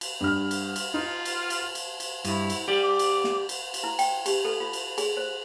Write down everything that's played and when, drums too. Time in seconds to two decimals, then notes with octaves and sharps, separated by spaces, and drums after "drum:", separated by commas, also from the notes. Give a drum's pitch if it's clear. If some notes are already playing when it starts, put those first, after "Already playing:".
0.01 drum: cymbal
0.21 G2 F6
0.51 drum: cymbal
0.76 drum: cymbal
0.94 D#4 F4
1.25 drum: cymbal
1.50 drum: cymbal
1.75 drum: cymbal
2.00 drum: cymbal
2.25 G2 E4, drum: cymbal
2.50 drum: cymbal
2.68 G4 D5
2.83 D6
2.99 drum: cymbal
3.24 drum: snare
3.49 drum: cymbal
3.74 drum: cymbal
3.84 E4
3.99 G5, drum: cymbal
4.26 G4, drum: cymbal
4.45 A4
4.60 F4
4.73 drum: cymbal
4.98 G#4, drum: cymbal
5.17 C5